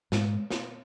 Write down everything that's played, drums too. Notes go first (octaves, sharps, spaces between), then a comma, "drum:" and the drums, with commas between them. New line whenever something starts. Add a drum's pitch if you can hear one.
G#2 G#3, drum: snare
drum: snare